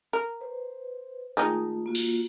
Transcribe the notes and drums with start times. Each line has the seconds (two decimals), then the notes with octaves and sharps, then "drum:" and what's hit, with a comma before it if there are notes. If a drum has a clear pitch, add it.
0.13 A#4
0.41 B4 C5
1.37 D#3 G#3 A3 D#4 F4
1.86 A#3 F4 F#4
1.95 drum: open hi-hat